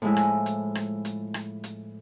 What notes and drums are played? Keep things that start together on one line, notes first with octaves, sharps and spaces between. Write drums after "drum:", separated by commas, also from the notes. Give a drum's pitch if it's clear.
A2 F3 G#3 E4
drum: rim click
drum: hi-hat
drum: rim click
drum: hi-hat
drum: rim click
drum: hi-hat